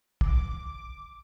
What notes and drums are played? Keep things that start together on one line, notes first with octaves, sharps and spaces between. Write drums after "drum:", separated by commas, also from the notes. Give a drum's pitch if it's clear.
D6, drum: kick